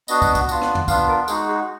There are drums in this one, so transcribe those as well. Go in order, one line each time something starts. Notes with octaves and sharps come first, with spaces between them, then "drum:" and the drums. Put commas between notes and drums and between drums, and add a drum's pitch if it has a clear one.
B3 D4 F#4 D#5, drum: tambourine
drum: kick, tambourine
drum: kick, tambourine
B3 D4 F4, drum: tambourine
drum: rim click
drum: tom
B3 D4 F4 F5, drum: kick, tambourine
A#4
G#3 D#4 F#4 G#4, drum: tambourine
G#4